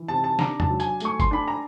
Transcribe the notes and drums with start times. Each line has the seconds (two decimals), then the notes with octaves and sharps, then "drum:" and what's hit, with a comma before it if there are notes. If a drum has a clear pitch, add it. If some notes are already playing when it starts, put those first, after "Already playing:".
Already playing: E3
0.08 C3 A5
0.24 A5
0.39 D4 A#5, drum: snare
0.60 A5, drum: tom
0.70 F#3
0.80 G#5, drum: tambourine
1.00 A3 C#6, drum: tambourine
1.20 C6, drum: kick F#1, tambourine
1.31 D4 B5
1.48 A#5